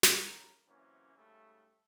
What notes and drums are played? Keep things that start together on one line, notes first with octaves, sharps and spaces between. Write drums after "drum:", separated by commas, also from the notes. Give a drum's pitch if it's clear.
drum: snare
B1 A2 C#3 A#4
F#2 C3 E3 A#3 C#4
G#2 C#3 G3 A3